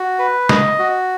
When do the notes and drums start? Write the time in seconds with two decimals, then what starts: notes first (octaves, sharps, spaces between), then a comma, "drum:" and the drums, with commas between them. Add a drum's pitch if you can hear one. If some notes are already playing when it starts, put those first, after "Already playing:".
Already playing: F#4
0.19 B4
0.49 D#5, drum: snare
0.79 F#4